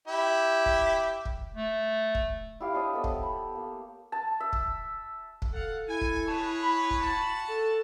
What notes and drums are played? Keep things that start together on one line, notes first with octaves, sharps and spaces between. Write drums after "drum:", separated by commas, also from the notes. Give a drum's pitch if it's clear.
E4 G4 E5
drum: kick
drum: kick
A3
drum: kick
E4 G4 F5
D4 C5 C#5 D#5
B3 A4 C#5 E5
drum: kick
B5
A#3
A5
E5
drum: kick
drum: kick
A4 F5 F#5
E4 G#5
drum: kick
G#4 B4 C#5 A5
B5
drum: kick
F#4 A5
A4